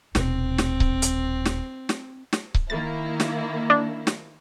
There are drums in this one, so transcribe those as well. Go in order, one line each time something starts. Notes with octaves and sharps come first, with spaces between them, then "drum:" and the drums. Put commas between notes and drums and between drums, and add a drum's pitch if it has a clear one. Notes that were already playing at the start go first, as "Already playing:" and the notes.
D#1 B2 C4, drum: snare
drum: snare
drum: kick C#1
drum: hi-hat
drum: snare
drum: snare
drum: snare
drum: kick C#1
D#3 A#3 E4 A6
drum: snare
D4
drum: snare